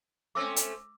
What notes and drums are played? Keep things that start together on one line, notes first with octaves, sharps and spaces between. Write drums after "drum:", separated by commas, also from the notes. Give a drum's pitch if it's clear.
A3 C4 C#4 D6 E6
drum: hi-hat